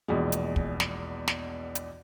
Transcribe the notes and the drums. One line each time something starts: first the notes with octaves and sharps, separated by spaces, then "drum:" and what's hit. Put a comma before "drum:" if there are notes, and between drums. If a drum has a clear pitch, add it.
A#1 E2 B2 G#3
drum: hi-hat
drum: kick
drum: snare
drum: snare
drum: hi-hat